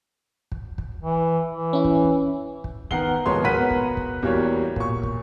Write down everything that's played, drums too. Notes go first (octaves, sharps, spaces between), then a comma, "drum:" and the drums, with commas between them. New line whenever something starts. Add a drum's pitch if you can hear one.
drum: kick
drum: kick
E3
E3
C#4 E4
drum: kick
drum: kick
D#3 B3 A#4 F#5 C7 G7, drum: kick
D#2 F3 G#3 B3 C#5 C6
B2 A#4 B4 F#5 B6 D#7
drum: kick
drum: kick
E2 G3 A#3 F#4 C#5
A#2 C#6, drum: kick
drum: kick